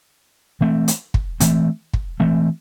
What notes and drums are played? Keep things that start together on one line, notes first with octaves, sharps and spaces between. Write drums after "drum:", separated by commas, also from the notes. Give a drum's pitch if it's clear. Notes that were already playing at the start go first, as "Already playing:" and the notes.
E3 A3 C4
drum: hi-hat
drum: kick
E3 A3 C4, drum: hi-hat
drum: kick
E3 A3 C4